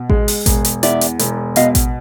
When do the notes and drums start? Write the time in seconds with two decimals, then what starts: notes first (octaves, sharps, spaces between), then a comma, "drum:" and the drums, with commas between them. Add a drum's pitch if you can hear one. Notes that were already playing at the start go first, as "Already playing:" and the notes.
Already playing: B2
0.10 G#3, drum: kick A1
0.28 drum: open hi-hat
0.46 E1, drum: kick A1, hi-hat
0.65 drum: hi-hat
0.83 E2 D5 E5, drum: hi-hat
1.01 drum: hi-hat
1.19 E1, drum: hi-hat
1.56 B2 D#5 F5, drum: hi-hat
1.75 drum: kick A1, hi-hat